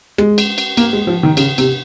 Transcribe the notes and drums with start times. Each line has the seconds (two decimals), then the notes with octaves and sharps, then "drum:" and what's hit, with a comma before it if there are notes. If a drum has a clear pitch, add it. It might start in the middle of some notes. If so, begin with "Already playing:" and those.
0.18 G#3, drum: rim click
0.38 drum: cymbal
0.58 drum: cymbal
0.77 A#3, drum: cymbal
0.93 G#3
1.07 F3
1.23 D#3
1.37 C#3, drum: cymbal
1.58 C3, drum: cymbal